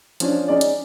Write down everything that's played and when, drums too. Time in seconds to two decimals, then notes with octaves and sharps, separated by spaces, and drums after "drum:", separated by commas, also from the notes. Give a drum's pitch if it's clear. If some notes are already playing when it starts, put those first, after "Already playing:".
0.20 F3 C#4 D4, drum: hi-hat
0.48 C#4 D#4 G#4 D5
0.61 drum: hi-hat